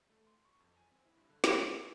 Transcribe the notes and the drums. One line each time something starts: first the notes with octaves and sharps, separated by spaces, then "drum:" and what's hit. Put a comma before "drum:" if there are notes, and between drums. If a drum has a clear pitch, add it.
A3
C6
C#6
F2
G#5
C4
E4
G2
D3
F3, drum: snare
D#3
C6